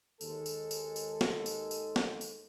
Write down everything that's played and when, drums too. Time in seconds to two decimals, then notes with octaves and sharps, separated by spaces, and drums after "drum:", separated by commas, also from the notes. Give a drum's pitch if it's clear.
0.21 D#2 G#3 A4, drum: tambourine
0.46 drum: tambourine
0.71 drum: tambourine
0.96 drum: tambourine
1.21 drum: snare
1.46 drum: tambourine
1.71 drum: tambourine
1.96 drum: snare
2.21 drum: tambourine